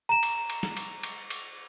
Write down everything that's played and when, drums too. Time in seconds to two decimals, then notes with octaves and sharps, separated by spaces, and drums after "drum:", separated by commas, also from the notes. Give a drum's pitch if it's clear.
0.09 A#5 E7
0.23 drum: cymbal
0.50 drum: cymbal
0.63 drum: snare
0.77 drum: cymbal
1.03 drum: cymbal
1.30 drum: cymbal